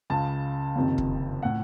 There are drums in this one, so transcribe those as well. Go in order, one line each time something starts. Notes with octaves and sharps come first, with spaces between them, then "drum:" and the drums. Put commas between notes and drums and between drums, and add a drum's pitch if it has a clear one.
C#2 C#3 A5
F#1 F2 C3 D#3
drum: kick
A2 F#5